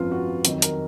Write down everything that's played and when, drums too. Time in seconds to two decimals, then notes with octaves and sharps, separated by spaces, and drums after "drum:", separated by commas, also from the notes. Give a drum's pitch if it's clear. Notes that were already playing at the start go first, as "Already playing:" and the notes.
Already playing: G#1 F#2 F3 B3 F4
0.11 F#4
0.45 F2 D#3 F#3, drum: hi-hat
0.62 A#4, drum: hi-hat